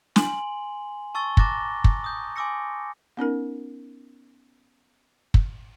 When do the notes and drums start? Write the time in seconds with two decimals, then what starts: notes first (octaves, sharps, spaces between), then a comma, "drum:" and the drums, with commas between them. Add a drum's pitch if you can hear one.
0.16 G#5 C6 F#7, drum: snare
1.15 A5 C#6 E6 A6 G7
1.37 A#5 D6 F#6 A6 A#6, drum: kick
1.84 drum: kick
2.04 D#6 G6
2.36 G#5 C6 D6 E6 A#6 C#7
3.17 B3 C#4 D#4 A#4
5.34 drum: kick